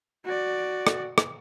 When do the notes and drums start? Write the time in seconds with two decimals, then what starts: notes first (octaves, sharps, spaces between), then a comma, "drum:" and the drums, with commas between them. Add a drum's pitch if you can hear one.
0.24 F#4 D5
0.87 drum: rim click
1.18 drum: rim click